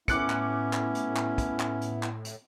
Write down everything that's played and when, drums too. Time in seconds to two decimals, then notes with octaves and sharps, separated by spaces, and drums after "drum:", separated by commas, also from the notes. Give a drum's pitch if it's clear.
0.08 A2 B3 C#4 E4 D6 F#6 C#7, drum: kick, hi-hat
0.30 drum: clap
0.73 drum: clap
0.95 drum: hi-hat
1.16 drum: clap
1.38 drum: kick, hi-hat
1.60 drum: clap
1.81 drum: hi-hat
2.03 drum: clap
2.25 drum: hi-hat